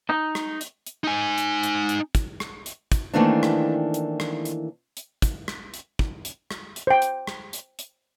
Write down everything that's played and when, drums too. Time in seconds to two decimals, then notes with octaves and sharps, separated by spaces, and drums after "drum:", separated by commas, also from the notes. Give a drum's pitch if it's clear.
0.10 D#4
0.35 drum: rim click
0.61 drum: hi-hat
0.86 drum: hi-hat
1.04 D#4 G#5
1.38 drum: hi-hat
1.63 drum: hi-hat
1.89 drum: hi-hat
2.15 drum: kick, hi-hat
2.40 drum: rim click
2.66 drum: hi-hat
2.92 drum: kick, hi-hat
3.14 D#3 E3 A3 A#3 C4 D4
3.43 drum: rim click
3.94 drum: hi-hat
4.20 drum: rim click
4.45 drum: hi-hat
4.97 drum: hi-hat
5.22 drum: kick, hi-hat
5.48 drum: rim click
5.74 drum: hi-hat
5.99 drum: kick
6.25 drum: hi-hat
6.51 drum: rim click
6.76 drum: hi-hat
6.87 C5 G5
7.02 drum: hi-hat
7.27 drum: rim click
7.53 drum: hi-hat
7.79 drum: hi-hat